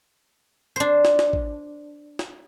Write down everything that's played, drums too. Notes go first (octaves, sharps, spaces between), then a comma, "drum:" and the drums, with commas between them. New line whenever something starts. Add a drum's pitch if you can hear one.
D4 C5
drum: snare
drum: snare
drum: kick
drum: snare